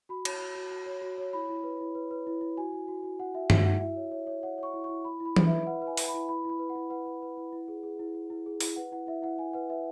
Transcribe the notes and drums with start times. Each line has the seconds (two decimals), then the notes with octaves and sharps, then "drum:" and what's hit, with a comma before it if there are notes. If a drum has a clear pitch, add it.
0.09 F#4 B5
0.25 C#5, drum: cymbal
0.40 F#4
0.55 F#4
0.71 F#4
0.86 C#5
1.02 F#4
1.18 C#5
1.33 E4 B5
1.49 E4
1.64 B4
1.80 E4
1.95 B4
2.11 B4
2.27 E4
2.41 E4
2.57 F#4 G#5
2.73 F#4
2.88 F#4
3.03 F#4
3.20 F#4 F#5
3.34 F#4 E5
3.50 F#4 E5, drum: tom G2
3.65 F#4 F#5
3.81 E4 E5
3.96 C#5
4.11 C#5
4.27 C#5
4.43 C#5 F#5
4.58 C#5
4.63 C#6
4.74 E4
4.84 E4 C#6
5.05 E4 B5
5.20 E4
5.25 B5
5.36 B4, drum: tom E3
5.47 E5
5.52 B4
5.67 B4 F#5
5.82 B4
5.87 G#5
5.97 B4, drum: open hi-hat
6.08 B5
6.14 E4
6.29 E4 B5
6.45 E4 B5
6.59 B4
6.70 F#5
6.75 E4
6.90 B4 F#5
7.06 B4
7.22 B4
7.37 E4
7.53 E4
7.68 G#4
7.83 G#4
7.99 E4
8.15 E4
8.30 E4
8.46 G#4
8.60 E4, drum: open hi-hat
8.76 B4 F#5
8.92 E4 F#5
9.07 E4 E5
9.22 E4 F#5
9.38 E4 G#5
9.53 B4 F#5
9.69 B4 E5